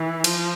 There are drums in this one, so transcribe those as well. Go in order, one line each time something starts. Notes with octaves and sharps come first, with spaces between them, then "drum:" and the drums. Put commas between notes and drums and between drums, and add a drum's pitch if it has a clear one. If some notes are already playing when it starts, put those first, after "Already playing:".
Already playing: E3
F3, drum: cymbal